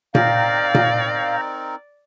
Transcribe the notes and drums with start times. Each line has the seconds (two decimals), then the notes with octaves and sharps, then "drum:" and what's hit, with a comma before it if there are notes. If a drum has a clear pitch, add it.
0.15 C4 D#4 A#4 D5 F5 G5 A#5, drum: tom A#2
0.75 drum: tom A#2